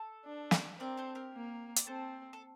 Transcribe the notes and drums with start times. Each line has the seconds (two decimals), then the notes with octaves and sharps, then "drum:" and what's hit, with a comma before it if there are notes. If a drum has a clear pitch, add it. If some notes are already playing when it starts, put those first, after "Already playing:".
Already playing: A4
0.26 D4
0.51 drum: snare
0.80 C4 A#4 D5
0.97 A4 C5
1.15 G4 A#4
1.34 A#3
1.76 D5, drum: hi-hat
1.87 C4 A4 C5
2.33 A4